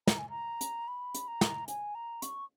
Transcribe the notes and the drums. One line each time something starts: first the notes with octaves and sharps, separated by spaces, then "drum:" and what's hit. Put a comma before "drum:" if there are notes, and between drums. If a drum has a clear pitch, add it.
A#5, drum: snare
G#5
A#5
drum: hi-hat
B5
drum: hi-hat
A#5
drum: snare
G#5, drum: hi-hat
A#5
C#6, drum: hi-hat